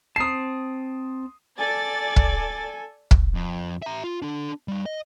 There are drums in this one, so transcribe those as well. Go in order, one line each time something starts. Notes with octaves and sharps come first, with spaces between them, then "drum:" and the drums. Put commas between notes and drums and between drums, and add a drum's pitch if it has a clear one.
C4 A5 D#6 C7
A4 D5 G#5 A6
drum: kick
drum: kick
F2
E5 A#5
F4
D4 A4
G3 F5
D#5